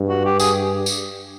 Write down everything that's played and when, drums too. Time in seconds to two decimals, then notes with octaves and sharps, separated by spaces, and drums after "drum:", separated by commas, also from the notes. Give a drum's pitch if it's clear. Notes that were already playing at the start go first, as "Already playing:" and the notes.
Already playing: G2
0.09 F#4
0.25 G4
0.39 G#4, drum: tambourine
0.86 drum: tambourine